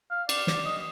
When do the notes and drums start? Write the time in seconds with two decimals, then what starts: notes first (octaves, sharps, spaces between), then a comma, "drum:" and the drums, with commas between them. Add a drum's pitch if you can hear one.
0.11 F5
0.29 D5, drum: cymbal
0.47 D5, drum: snare
0.65 D#5